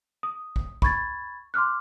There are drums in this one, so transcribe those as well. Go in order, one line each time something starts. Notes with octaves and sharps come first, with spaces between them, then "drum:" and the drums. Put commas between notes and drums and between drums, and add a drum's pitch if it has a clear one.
D#6
drum: kick A#1
B5 C#6 G#6 A6, drum: kick A#1
C6 D6 F6 F#6